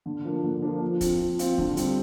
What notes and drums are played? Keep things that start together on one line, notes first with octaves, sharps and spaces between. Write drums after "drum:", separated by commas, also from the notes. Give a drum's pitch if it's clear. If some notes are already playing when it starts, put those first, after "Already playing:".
D3
F3 A#3 D4
D3
F3 A#3 D4
F3
C4 F4, drum: kick, hi-hat
F3
C4 F4, drum: hi-hat
D3, drum: kick
G3 C4, drum: hi-hat